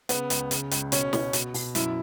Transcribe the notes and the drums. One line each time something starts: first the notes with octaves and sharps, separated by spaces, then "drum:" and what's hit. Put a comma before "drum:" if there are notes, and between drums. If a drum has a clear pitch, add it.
C#3 B3, drum: hi-hat
C#2, drum: hi-hat
C#3, drum: hi-hat
C#2, drum: hi-hat
B2 C#4, drum: hi-hat
B2, drum: snare
B2, drum: hi-hat
B2, drum: open hi-hat
F#2 E4, drum: hi-hat